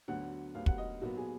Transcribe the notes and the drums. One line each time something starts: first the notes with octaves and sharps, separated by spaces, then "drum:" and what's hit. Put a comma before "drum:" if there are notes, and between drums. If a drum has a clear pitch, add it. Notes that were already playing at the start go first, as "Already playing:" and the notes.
D2 D3 F#3 B3 F#5
D2 D3 F#3 B3 F5
F#5, drum: kick
D#5
B1 A#2 F#3 B3 F#4
G#4